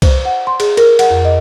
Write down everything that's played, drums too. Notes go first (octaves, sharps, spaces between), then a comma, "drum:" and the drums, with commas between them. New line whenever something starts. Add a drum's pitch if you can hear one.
C5, drum: kick C2, cymbal
F#5
C6
G#4, drum: cymbal
A#4, drum: cymbal
F#5, drum: cymbal
F2
D#5